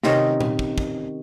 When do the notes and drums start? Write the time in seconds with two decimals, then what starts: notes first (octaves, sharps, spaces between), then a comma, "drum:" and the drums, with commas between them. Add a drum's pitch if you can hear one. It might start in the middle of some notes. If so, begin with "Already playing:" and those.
0.03 C3 D#3 C#4 D#5, drum: snare
0.41 drum: tom A#2
0.59 drum: kick
0.78 drum: kick